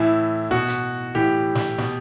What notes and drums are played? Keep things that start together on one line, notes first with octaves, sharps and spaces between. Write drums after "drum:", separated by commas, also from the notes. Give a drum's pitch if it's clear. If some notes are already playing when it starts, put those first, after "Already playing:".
Already playing: A2 E3 E4
B2 F#4
drum: hi-hat
A2 E3 G4
drum: snare
B2, drum: snare